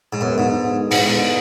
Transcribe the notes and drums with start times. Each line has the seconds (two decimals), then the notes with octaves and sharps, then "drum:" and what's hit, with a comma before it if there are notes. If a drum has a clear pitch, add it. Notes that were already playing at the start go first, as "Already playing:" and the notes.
0.13 G#2
0.20 F#2 D3 G#3 B3 F#4
0.38 G#2
0.91 G#2 D3 G#3 B3 E4, drum: open hi-hat
1.08 G#2